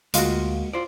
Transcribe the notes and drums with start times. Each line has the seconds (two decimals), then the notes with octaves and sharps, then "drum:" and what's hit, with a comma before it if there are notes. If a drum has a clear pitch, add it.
0.14 D2 G#3 A#3 F4 F#4, drum: hi-hat
0.73 F4 C5 D5